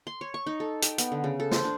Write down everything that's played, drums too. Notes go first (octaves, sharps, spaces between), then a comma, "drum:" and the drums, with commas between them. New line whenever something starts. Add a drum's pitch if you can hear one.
C6
C#5
C#6
D#4
A4
G5, drum: hi-hat
B3, drum: hi-hat
D3
C#3
A4
C5, drum: snare
D4